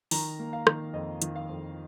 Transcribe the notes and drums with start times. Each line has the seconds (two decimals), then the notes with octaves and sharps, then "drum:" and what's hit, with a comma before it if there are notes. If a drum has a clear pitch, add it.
0.11 D#3 A#5, drum: open hi-hat
0.39 A#3
0.53 F5
0.67 D#3, drum: rim click
0.93 F2 D#5
1.22 D#3, drum: hi-hat
1.36 F5
1.49 F2